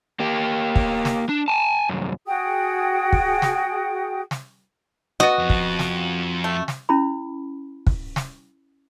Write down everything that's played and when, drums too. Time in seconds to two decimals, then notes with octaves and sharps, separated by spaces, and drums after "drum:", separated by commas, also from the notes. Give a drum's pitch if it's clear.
0.20 A#3 G4
0.76 drum: kick
1.05 drum: snare
1.29 D4
1.48 G#5 A5
1.89 C2 F#2
2.27 F#4 G#4 G5 D#6
3.13 drum: kick
3.42 drum: snare
4.31 drum: snare
5.20 B3 F#4 D#5
5.39 F2
5.50 drum: kick
5.79 drum: snare
6.44 A3
6.68 drum: snare
6.89 C#4 E4 B5
7.87 drum: kick
8.16 drum: snare